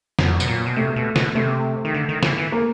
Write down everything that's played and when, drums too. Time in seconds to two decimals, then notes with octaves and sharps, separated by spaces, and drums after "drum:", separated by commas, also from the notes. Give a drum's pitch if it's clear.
0.19 F2 F#3, drum: snare
0.40 B2, drum: tambourine
0.48 A#2
0.66 B2
0.76 C3 A3
0.96 B2
1.16 B2, drum: snare
1.35 C3 A3
1.85 D#3
1.94 D3
2.09 D#3
2.23 E3, drum: snare
2.38 E3
2.52 A#3